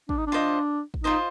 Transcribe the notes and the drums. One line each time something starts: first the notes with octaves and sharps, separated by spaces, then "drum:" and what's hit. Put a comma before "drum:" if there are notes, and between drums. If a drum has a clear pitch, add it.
D4, drum: kick
D#4
D4
F4 C5 D#5
drum: kick
D#4 F4 C5 D#5